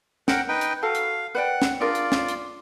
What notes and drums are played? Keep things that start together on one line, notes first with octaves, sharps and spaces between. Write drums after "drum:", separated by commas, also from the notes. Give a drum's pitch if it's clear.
A#4 F#5 G5, drum: snare
D#4 B4 G5
drum: hi-hat
F#4 A4 F5 A5
drum: hi-hat
B4 D5 F#5 G5
drum: snare
D4 F4 G#4 A#4 D5
drum: hi-hat
drum: snare
drum: hi-hat